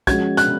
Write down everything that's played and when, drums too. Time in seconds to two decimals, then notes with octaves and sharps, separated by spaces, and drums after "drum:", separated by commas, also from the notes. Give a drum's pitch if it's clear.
0.07 F3 G#3 C#4 F#4 G#6, drum: kick, hi-hat
0.37 F#6, drum: hi-hat